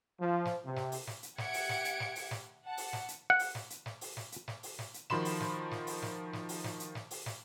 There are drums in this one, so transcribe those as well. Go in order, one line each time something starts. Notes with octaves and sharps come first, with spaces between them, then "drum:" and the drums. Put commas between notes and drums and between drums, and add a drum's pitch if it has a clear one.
F3
drum: snare
C3
drum: snare
drum: open hi-hat
drum: snare
drum: hi-hat
G4 E5 F#5 G#6 C#7 D7, drum: snare
drum: open hi-hat
drum: snare
drum: hi-hat
drum: snare
drum: open hi-hat
drum: snare
F#5 A5
drum: open hi-hat
drum: snare
drum: hi-hat
F#5
drum: open hi-hat
drum: snare
drum: hi-hat
drum: snare
drum: open hi-hat
drum: snare
drum: hi-hat
drum: snare
drum: open hi-hat
drum: snare
drum: hi-hat
D#3 F3 F#4 B5 C6 E7, drum: snare
drum: open hi-hat
drum: snare
drum: snare
drum: open hi-hat
drum: snare
drum: snare
drum: open hi-hat
drum: snare
drum: hi-hat
drum: snare
drum: open hi-hat
drum: snare